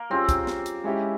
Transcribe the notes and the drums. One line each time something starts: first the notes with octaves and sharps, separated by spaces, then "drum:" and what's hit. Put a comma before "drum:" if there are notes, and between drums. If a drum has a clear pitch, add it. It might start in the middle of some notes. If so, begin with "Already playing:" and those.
Already playing: A#3
G3 C4 C#4 F4 G#4
drum: kick, hi-hat
drum: snare
drum: hi-hat
G#3 C#4 E4 G4